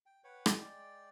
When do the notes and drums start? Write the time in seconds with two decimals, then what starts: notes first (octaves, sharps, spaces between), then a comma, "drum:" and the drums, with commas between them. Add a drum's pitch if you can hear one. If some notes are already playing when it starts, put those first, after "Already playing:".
0.06 G5
0.24 B4 C#5 F#5 G5
0.46 drum: rim click
0.57 G#3 D5 G5